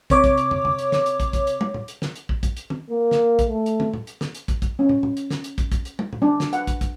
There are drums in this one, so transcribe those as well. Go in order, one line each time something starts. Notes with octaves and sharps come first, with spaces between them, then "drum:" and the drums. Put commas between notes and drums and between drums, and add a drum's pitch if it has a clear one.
C3 C#5 D6, drum: kick, hi-hat
drum: kick, hi-hat
drum: hi-hat
drum: tom
drum: tom
drum: hi-hat
drum: snare
drum: hi-hat
drum: kick, hi-hat
drum: kick, hi-hat
drum: hi-hat
drum: tom
drum: tom
drum: hi-hat
drum: snare
drum: hi-hat
drum: kick
drum: kick, hi-hat
drum: hi-hat
drum: tom
A#3
drum: snare
drum: kick, hi-hat
A3
drum: hi-hat
drum: tom
drum: tom
drum: hi-hat
drum: snare
drum: hi-hat
drum: kick, hi-hat
drum: kick, hi-hat
C#4
drum: tom
drum: tom
drum: hi-hat
drum: snare
drum: hi-hat
drum: kick, hi-hat
drum: kick, hi-hat
drum: hi-hat
drum: tom
drum: tom
D4
drum: snare
F#5, drum: hi-hat
drum: kick, hi-hat
drum: kick, hi-hat